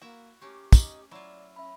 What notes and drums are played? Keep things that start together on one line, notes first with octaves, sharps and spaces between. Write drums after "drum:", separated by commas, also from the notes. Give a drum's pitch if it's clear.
A#3 E4 F#4 E5
A3 A#3 C#4 G4
C#4 D#4, drum: kick, tambourine
F#3 E4 F4 D5
C#4 E5 B5